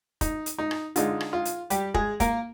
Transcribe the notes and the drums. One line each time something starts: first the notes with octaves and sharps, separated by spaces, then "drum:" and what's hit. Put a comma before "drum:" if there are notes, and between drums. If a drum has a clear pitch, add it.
D#4, drum: kick, hi-hat
drum: hi-hat
D#4
drum: rim click
D3 G#3 D#4 F4, drum: hi-hat
drum: rim click
F4
drum: hi-hat
G3 G4, drum: hi-hat
G#3 G#4, drum: kick
A#3 A#4, drum: kick, hi-hat